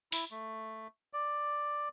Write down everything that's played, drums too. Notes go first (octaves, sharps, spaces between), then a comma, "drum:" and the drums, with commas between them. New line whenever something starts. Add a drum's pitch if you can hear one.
E4, drum: open hi-hat
A3
D5